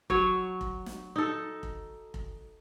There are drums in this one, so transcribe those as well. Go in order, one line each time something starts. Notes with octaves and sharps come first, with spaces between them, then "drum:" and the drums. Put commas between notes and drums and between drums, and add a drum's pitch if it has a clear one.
F#3 C#5, drum: kick F1
drum: kick F1
drum: snare
D#4 A4
drum: kick F1
drum: kick F1